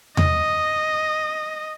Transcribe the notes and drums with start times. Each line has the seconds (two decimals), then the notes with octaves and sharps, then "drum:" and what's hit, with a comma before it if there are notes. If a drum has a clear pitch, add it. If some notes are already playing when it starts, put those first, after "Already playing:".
0.17 D#5, drum: tom E2